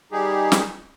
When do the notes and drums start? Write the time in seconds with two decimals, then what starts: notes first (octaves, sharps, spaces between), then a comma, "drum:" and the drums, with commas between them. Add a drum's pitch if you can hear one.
0.12 D#3 G3 D#4 G4 G#4
0.52 drum: snare